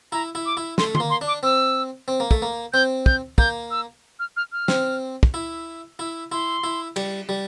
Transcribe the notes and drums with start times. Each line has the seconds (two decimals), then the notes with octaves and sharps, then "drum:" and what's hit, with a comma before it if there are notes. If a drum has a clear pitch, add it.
0.12 E4 A#5
0.35 E4
0.46 D6
0.57 E4
0.78 A3 C6, drum: snare
0.95 C6, drum: tom D3
1.00 A#3
1.10 C6
1.21 D4
1.27 D6
1.43 C4 E6
2.08 C4
2.20 A#3
2.31 A3, drum: kick
2.42 A#3
2.73 C4 G6
3.06 G6, drum: kick
3.38 A#3 G6, drum: kick
3.71 E6
4.19 F6
4.37 F6
4.52 F6
4.68 C4, drum: snare
5.23 drum: kick
5.34 E4
5.99 E4 E6
6.32 E4 C6
6.64 E4
6.96 G3, drum: cymbal
7.29 G3